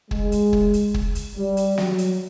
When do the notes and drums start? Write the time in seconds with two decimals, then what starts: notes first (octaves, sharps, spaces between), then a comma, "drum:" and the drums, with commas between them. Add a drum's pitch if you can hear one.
0.11 G#3, drum: kick
0.32 drum: hi-hat
0.53 drum: kick
0.74 drum: hi-hat
0.94 drum: kick
1.15 drum: hi-hat
1.36 G3
1.57 drum: hi-hat
1.78 F#3, drum: snare
1.98 drum: hi-hat